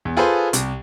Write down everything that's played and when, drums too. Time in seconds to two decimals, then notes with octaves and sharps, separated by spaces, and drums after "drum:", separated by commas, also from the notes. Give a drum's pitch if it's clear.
0.05 E2
0.17 F4 G#4 A4 B4 C5
0.53 C2, drum: hi-hat